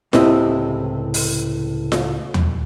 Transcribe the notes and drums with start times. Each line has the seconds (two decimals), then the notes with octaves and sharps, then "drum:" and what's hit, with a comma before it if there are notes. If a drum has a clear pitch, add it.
0.13 C#2 A2 C3 C4 E4 D#5, drum: snare F4
1.14 drum: open hi-hat
1.92 drum: snare F4
2.34 drum: tom D#2